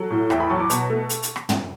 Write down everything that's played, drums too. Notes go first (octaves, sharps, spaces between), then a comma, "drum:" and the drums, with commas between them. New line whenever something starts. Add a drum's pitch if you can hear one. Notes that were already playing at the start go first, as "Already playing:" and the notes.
Already playing: F#3 F#4 A4
A2
E2 E5 G5, drum: rim click
G5 B5
F#3 A5 C#6
B5 D6
B2 A5 C#6, drum: hi-hat
A3
drum: hi-hat
drum: hi-hat
drum: rim click
drum: tom